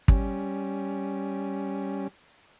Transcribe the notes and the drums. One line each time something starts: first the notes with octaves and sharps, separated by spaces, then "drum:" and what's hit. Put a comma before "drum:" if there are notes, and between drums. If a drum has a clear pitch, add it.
G3 C#4, drum: kick